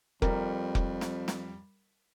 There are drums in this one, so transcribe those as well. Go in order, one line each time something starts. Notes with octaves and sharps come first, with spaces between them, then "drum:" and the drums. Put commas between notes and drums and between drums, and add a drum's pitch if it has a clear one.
F2 G3 A#4, drum: kick F1
drum: kick F1
drum: snare
drum: snare